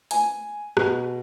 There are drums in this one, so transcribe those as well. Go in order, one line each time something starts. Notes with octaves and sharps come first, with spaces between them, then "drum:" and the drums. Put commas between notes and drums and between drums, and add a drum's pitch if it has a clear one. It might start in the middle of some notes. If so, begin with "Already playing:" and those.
G#5, drum: hi-hat
B2, drum: rim click